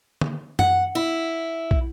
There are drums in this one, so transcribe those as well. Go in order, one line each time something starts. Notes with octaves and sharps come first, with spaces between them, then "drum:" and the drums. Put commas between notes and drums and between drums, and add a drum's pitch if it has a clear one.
drum: tom
F#5, drum: tom F#2
E4
drum: kick